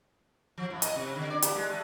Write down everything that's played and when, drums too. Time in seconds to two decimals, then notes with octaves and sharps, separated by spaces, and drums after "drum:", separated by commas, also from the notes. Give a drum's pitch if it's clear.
0.58 F3
0.70 A2
0.82 D#5, drum: hi-hat
0.96 C3
1.16 D3
1.30 D5
1.42 G4, drum: hi-hat
1.55 G#3
1.69 A3